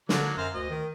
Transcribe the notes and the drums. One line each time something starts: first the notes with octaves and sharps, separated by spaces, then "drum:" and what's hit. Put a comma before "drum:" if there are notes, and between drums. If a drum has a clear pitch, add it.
D3 F#3 A#3 D5, drum: snare
F#2 C5 F5 A#5
D2 D#5
D#3